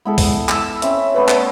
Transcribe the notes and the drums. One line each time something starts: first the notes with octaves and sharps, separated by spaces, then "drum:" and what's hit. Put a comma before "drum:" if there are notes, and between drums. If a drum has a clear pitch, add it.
G#3 B3 E4 A4
drum: kick, open hi-hat
E6, drum: clap
C4 C#4 E5, drum: hi-hat
G3 A3 B3 B4
E5, drum: clap